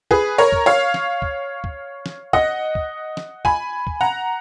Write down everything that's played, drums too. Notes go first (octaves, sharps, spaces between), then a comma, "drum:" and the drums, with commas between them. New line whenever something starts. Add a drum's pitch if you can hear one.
G#4 B4, drum: kick
A#4 C#5
drum: kick
C#5 F5
drum: snare
drum: kick
drum: kick
drum: snare
D#5 F#5, drum: kick
drum: kick
drum: snare
G#5 B5, drum: kick
drum: kick
F#5 A#5